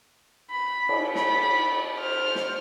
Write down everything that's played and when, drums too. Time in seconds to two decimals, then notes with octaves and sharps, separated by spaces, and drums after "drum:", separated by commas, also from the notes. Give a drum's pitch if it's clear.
0.51 B5
0.89 drum: cymbal
1.15 B5, drum: snare
1.99 C5 F6
2.35 drum: snare